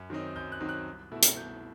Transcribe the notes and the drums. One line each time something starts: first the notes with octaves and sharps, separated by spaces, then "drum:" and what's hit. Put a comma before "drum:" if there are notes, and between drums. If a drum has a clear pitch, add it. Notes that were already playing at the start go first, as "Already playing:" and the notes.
Already playing: F#2
D#3 F#3 C4 D#4
F#2 G6
F#6
D#3 F#3 C4 D#4
F#6
C2
B2 A3 E4
drum: hi-hat
C2 G6